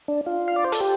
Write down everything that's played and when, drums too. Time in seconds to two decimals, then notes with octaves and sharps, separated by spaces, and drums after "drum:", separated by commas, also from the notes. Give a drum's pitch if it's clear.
0.08 D4
0.26 F4
0.48 F5
0.56 D5
0.64 C5
0.72 A4, drum: hi-hat
0.81 G4